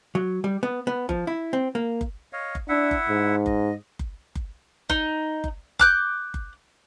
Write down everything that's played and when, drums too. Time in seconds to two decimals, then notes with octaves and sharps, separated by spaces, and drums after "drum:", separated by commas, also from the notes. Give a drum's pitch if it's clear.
0.15 F#3
0.44 G3
0.63 B3
0.87 B3
1.09 F3, drum: kick F#1
1.27 E4
1.53 C4
1.75 A#3
2.01 drum: kick F#1
2.33 C#5 D#5 F5
2.55 drum: kick F#1
2.69 D4 E4 E5 F#5
2.91 drum: kick F#1
3.09 G#2
3.46 D#5, drum: kick F#1
3.99 drum: kick F#1
4.35 drum: kick F#1
4.90 D#4, drum: kick F#1
5.44 drum: kick F#1
5.79 D6 F#6 G6, drum: kick F#1
6.34 drum: kick F#1